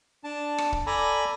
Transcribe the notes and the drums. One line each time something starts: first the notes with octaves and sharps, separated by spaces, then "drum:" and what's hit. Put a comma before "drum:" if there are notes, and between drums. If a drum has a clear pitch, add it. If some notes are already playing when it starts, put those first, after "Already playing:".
D4 A5
drum: rim click
drum: kick C#1
A4 D5 G#5 A#5 B5